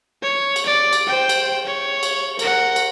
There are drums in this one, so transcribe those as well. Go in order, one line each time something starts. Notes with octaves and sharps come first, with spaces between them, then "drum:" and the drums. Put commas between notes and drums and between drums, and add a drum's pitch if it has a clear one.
C#5
drum: cymbal
D5
drum: cymbal
C5 G5
drum: cymbal
C#5
drum: cymbal
A#4 F#5, drum: cymbal
drum: cymbal